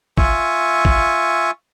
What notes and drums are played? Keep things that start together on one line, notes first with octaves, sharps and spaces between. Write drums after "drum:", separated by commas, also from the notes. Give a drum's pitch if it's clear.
F4 E5 G#5 C#6, drum: kick
drum: kick